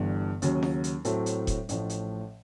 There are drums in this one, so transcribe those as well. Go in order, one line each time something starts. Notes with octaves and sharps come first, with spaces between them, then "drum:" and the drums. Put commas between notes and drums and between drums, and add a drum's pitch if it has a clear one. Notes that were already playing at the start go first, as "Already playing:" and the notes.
Already playing: G1 G2 E3
D#2 C#3 F#3, drum: hi-hat
drum: snare
drum: hi-hat
A2 F#3 A3 C4, drum: hi-hat
drum: hi-hat
drum: kick E1, hi-hat
A1 A2 F3, drum: hi-hat
drum: hi-hat